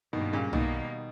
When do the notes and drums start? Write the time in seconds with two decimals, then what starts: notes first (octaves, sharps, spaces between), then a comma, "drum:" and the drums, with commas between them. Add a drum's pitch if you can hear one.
0.13 G2 B2 D#3 G3 A#3
0.33 A#2 C#3
0.53 B2 D#3 G3 A#3 D#4, drum: tom B1